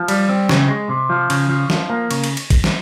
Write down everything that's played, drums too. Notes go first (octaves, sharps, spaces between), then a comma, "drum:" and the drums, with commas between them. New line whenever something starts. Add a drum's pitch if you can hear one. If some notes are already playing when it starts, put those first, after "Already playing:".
Already playing: F3
G3, drum: cymbal
C4
C#3, drum: snare
G#3
C3
F3
C#3, drum: cymbal
F3
F3, drum: snare
A#3
C#3, drum: cymbal
drum: cymbal
drum: cymbal
drum: kick, cymbal
drum: snare